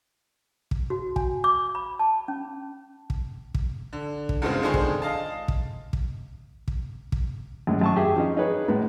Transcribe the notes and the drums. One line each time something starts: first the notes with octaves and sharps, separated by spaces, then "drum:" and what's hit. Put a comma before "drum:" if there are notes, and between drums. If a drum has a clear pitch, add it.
drum: kick
F#4
G#5, drum: kick
D6
B5
A5
C#4
drum: kick
drum: kick
D3
drum: kick
E2 G2 C#3 G#3 C4
D3 D#3 F3 G#3 G#4 C5
drum: kick
D#5 F5 A5
drum: kick
drum: kick
drum: kick
drum: kick
F#2 A2 G#3
F#2 A5 C#6
G4 G#4 E5
F3 C#4 D#4
D#4 G#4 B4 C#5
A2 G#3 B3